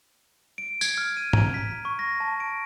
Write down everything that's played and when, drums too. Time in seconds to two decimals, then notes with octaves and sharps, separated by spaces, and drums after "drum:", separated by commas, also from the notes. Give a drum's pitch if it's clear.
0.58 D7
0.81 G#6, drum: tambourine
0.98 F6
1.17 D#7
1.33 A#5, drum: tom
1.54 B6
1.85 C#6
1.99 A#6
2.20 A5
2.40 D7